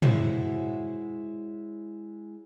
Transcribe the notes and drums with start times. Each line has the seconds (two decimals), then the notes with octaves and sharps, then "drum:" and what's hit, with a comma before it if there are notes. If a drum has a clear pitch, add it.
0.02 G#3 E4 F#4 C5 C#5 E5, drum: tom